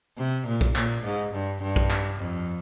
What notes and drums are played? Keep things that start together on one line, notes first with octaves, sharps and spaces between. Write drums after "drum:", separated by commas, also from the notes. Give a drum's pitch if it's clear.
C3
A#2
drum: kick A#1
A#2, drum: clap
G#2
G2
G2
drum: kick A#1
drum: clap
F2